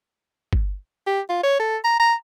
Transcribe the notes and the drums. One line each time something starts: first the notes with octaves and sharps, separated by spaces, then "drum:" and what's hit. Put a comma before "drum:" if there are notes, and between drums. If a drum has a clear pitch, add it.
drum: kick G1
G4
F4
C#5
A4
A#5
A#5